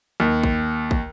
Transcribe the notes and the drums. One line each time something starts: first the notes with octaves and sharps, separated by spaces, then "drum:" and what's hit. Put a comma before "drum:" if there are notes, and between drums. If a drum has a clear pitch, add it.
D#2
drum: kick
drum: kick